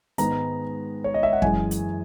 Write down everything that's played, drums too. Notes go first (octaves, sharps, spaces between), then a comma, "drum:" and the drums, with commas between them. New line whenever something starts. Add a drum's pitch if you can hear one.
G#2 D#3 G#3 B3 A#5, drum: hi-hat
C#5
D#5
E5
F#5
F#2 E3 G#3 G#5, drum: kick
drum: hi-hat